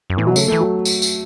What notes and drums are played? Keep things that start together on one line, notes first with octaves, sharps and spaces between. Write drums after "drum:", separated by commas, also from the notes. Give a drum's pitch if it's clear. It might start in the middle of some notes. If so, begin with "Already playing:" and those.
F#2
A2 E3
B2 F#3
C#3 A3, drum: tambourine
E3 A3
F#3
drum: tambourine
drum: tambourine